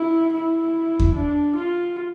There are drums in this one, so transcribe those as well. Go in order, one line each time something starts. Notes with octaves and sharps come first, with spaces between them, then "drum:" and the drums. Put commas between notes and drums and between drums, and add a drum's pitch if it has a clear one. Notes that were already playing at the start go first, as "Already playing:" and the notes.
Already playing: E4
E4
drum: kick E2
D4
F4